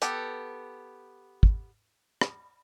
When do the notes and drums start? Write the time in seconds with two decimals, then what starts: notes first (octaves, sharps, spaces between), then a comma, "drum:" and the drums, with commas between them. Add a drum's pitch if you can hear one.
0.02 B3 G4 A4, drum: hi-hat
1.43 drum: kick
2.21 drum: rim click